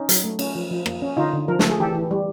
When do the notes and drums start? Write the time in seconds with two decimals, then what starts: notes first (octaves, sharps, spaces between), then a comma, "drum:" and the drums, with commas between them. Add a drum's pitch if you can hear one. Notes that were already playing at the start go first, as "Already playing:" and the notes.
Already playing: C#4 D#4
0.09 F#3, drum: hi-hat
0.24 A3
0.39 C#4, drum: cymbal
0.55 F3
0.71 F3
0.86 A#3, drum: rim click
1.02 C#4
1.17 D3 D#4 F4
1.33 D3
1.48 F3 A#4
1.59 A4, drum: snare
1.65 A3
1.70 G#4
1.80 E3 G4 A4
1.95 E3
2.11 G3